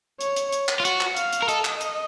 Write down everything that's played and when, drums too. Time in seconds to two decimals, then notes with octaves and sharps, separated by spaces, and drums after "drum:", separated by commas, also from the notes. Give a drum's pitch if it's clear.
0.21 C#5, drum: hi-hat
0.36 drum: hi-hat
0.52 drum: hi-hat
0.68 drum: clap
0.80 F4
0.85 F#4, drum: hi-hat
1.01 drum: clap
1.17 F5, drum: hi-hat
1.33 drum: hi-hat
1.42 A#4
1.48 A4 D#5, drum: hi-hat
1.65 drum: clap
1.81 drum: hi-hat